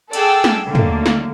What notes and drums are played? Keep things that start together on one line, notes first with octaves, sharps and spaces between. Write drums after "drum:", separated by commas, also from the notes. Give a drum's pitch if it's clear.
G#4 A4 D5 F#5 G5 E6, drum: cymbal
drum: snare
D3 D#3 F#3 A3 A#3
drum: tom
drum: snare